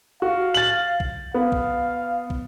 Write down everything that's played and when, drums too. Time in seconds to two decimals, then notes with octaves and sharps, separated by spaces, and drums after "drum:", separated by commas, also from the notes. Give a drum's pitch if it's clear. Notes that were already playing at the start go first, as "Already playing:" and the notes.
0.22 F#4 F5
0.54 A6 F#7
1.00 drum: kick
1.34 B3 F5
1.52 drum: kick
2.30 drum: kick